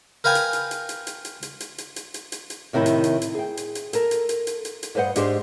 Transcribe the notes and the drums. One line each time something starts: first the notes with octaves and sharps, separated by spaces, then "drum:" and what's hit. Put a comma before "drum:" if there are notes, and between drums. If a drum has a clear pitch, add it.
A#4 B4 F5 G5 G#5
drum: hi-hat
drum: hi-hat
drum: hi-hat
drum: hi-hat
drum: hi-hat
drum: hi-hat
drum: hi-hat
drum: hi-hat
drum: hi-hat
drum: hi-hat
drum: hi-hat
drum: hi-hat
drum: hi-hat
A2 C3 D#3 D#4 E4
drum: hi-hat
drum: hi-hat
drum: hi-hat
G#4 G5
drum: hi-hat
drum: hi-hat
A4 A#4, drum: hi-hat
drum: hi-hat
drum: hi-hat
drum: hi-hat
drum: hi-hat
drum: hi-hat
G2 B4 C5 D#5 F#5
G#2 D4 G4 G#4 C5, drum: hi-hat